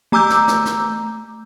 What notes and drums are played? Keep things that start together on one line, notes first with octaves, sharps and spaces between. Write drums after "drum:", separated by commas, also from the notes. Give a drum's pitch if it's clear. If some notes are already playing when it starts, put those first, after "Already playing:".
A3 A#5 D6 E6 G6
drum: snare
drum: snare
drum: snare